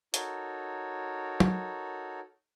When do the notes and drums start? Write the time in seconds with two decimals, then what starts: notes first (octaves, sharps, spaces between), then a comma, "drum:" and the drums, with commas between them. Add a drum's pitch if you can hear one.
0.14 D#4 F#4 A4 A#4 C#5, drum: hi-hat
1.40 drum: tom